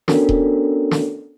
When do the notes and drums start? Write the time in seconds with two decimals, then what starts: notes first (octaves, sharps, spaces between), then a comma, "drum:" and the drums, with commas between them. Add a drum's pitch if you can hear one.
0.08 B3 C#4 D4 F#4 A4 A#4, drum: snare
0.29 drum: kick D#1
0.91 drum: snare